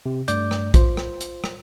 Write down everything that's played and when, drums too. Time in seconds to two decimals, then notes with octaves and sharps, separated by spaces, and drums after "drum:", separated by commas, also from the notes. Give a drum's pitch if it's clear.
0.06 C3
0.28 G2 A3 D5 D6 G6, drum: hi-hat
0.51 drum: rim click
0.74 F4 C5, drum: kick, hi-hat
0.97 drum: rim click
1.21 drum: hi-hat
1.44 drum: rim click